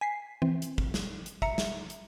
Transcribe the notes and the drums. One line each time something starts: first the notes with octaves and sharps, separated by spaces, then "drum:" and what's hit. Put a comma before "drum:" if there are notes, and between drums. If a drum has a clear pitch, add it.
G#5 B6 C7
E3 C4
drum: hi-hat
drum: kick
drum: snare
drum: hi-hat
E5 A#5 C#7, drum: kick
drum: snare
drum: hi-hat